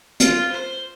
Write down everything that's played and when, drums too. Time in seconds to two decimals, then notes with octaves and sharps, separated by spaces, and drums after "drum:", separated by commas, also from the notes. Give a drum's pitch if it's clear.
0.20 F4, drum: hi-hat
0.52 C5